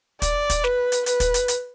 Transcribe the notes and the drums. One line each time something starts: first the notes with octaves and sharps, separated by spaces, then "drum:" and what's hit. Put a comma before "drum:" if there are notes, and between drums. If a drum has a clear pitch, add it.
D5, drum: kick, hi-hat
drum: kick, hi-hat
B4, drum: snare
drum: hi-hat
B4, drum: hi-hat
drum: kick, hi-hat
drum: hi-hat
drum: hi-hat